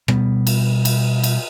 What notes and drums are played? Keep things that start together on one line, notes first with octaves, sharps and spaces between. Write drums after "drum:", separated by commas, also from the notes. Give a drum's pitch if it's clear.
B2 G3 B3, drum: rim click
drum: cymbal
drum: cymbal
drum: cymbal